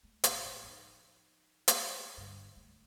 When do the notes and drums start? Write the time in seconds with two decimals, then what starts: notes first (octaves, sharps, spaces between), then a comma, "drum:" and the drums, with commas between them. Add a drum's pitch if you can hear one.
0.03 A3
0.24 A1 C3, drum: hi-hat
0.46 A2
0.63 F3 D#4
1.68 drum: hi-hat
2.17 G2 D3
2.56 A3